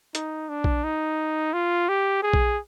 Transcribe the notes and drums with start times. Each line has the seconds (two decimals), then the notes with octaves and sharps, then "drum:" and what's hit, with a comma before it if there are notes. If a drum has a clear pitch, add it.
0.15 D#4, drum: hi-hat
0.49 D4
0.64 drum: kick A#1
0.84 D#4
1.53 F4
1.88 G4
2.22 G#4
2.33 drum: kick A#1